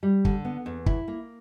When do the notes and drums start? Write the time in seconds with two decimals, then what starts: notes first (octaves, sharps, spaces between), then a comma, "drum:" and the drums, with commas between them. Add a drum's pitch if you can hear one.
0.03 G3
0.25 D3, drum: kick
0.45 B3
0.66 E2
0.86 E4, drum: kick
1.08 A#3